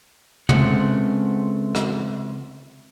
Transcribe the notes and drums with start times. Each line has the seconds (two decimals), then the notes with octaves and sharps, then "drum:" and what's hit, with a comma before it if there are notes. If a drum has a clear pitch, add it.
0.49 C#2 G#3 A3 C4 F#5, drum: tom
1.75 drum: rim click